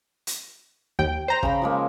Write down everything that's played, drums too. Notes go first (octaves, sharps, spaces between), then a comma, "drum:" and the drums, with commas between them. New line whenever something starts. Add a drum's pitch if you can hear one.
drum: hi-hat
D#2 G5
C5 A#5
C#3 G5 B5, drum: kick
F3 G#3 A#3